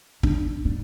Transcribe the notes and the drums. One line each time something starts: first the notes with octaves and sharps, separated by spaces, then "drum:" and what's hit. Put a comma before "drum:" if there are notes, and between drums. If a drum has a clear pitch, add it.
D4, drum: kick
D4